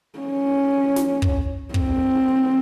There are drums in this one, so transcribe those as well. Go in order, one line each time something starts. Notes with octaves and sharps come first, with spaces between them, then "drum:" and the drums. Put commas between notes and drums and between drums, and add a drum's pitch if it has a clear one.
C#4
drum: snare
drum: kick
C4, drum: kick